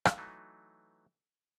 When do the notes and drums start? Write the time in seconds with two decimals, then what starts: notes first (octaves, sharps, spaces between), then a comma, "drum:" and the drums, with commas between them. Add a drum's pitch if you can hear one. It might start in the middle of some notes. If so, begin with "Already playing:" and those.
0.05 drum: rim click
0.18 E3 F#3 A3 D#4